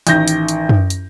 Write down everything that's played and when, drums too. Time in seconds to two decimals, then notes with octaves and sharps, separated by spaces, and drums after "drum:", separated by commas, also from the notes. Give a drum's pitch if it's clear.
0.07 A1 D#3 G6 A#6, drum: hi-hat
0.28 drum: hi-hat
0.49 drum: hi-hat
0.69 drum: tom F#2
0.90 drum: hi-hat